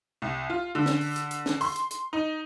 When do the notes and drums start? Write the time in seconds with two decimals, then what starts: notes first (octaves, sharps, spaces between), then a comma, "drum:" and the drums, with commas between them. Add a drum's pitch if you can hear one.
0.22 C2
0.50 F4
0.75 D3
0.86 drum: snare
1.01 drum: open hi-hat
1.16 drum: hi-hat
1.31 drum: hi-hat
1.46 drum: snare
1.61 C6, drum: open hi-hat
1.76 drum: hi-hat
1.91 drum: hi-hat
2.13 D#4